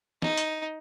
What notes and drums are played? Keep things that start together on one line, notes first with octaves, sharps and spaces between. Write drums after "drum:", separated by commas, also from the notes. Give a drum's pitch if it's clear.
D#4, drum: snare
drum: hi-hat